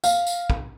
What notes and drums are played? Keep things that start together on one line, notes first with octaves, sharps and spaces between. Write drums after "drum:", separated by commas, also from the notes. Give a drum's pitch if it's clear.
F5, drum: tambourine
drum: tambourine
drum: kick